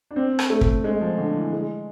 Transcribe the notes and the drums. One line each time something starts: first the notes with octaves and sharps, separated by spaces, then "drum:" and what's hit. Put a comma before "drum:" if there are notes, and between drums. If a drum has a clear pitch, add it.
D4
C4
drum: rim click
A3
drum: kick
G#3
F3
D3
E3
G#3